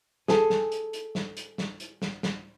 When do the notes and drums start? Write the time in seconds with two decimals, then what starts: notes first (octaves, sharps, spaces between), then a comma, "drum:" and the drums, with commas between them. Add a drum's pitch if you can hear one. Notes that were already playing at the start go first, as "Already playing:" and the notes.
0.28 G#4 A4, drum: snare
0.50 drum: snare
0.72 drum: hi-hat
0.93 drum: hi-hat
1.15 drum: snare
1.37 drum: hi-hat
1.58 drum: snare
1.80 drum: hi-hat
2.02 drum: snare
2.23 drum: snare